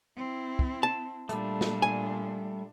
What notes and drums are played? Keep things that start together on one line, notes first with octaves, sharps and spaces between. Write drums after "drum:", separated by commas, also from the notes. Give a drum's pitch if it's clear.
C4 E4
drum: kick
A5
A#2 G3 A3 D4, drum: hi-hat
drum: snare
G#5